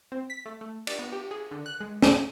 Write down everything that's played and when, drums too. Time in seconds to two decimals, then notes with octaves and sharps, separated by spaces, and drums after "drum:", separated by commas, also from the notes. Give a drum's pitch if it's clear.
0.12 C4
0.30 B6
0.46 A3
0.61 A3
0.87 D5, drum: cymbal
0.99 B3
1.12 G4
1.31 G#4
1.51 D3
1.66 F#6
1.80 G#3
2.02 C4, drum: snare